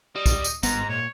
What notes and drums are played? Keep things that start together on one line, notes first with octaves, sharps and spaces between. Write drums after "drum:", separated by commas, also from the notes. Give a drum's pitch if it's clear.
G3 D#5
drum: kick, tambourine
drum: tambourine
G1 G#2 B3 A#5, drum: tambourine
A#2 C#5